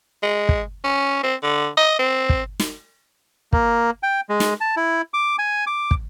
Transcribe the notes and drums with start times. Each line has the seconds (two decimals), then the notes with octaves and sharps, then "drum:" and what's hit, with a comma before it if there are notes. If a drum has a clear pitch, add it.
0.23 G#3
0.49 drum: kick
0.84 C#4
1.23 C4
1.43 D3
1.77 D#5
1.99 C4
2.29 drum: kick
2.60 drum: snare
3.53 A#3, drum: kick
4.03 G5
4.29 G#3
4.40 drum: snare
4.61 A5
4.77 E4
5.14 D6
5.39 G#5
5.67 D6
5.91 drum: kick